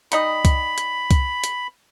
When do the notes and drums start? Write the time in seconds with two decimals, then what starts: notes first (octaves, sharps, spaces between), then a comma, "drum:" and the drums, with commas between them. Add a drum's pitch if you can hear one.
0.12 G3 D#4 D#5 B5, drum: hi-hat
0.45 drum: kick C2, hi-hat
0.78 drum: hi-hat
1.11 drum: kick C2, hi-hat
1.44 drum: hi-hat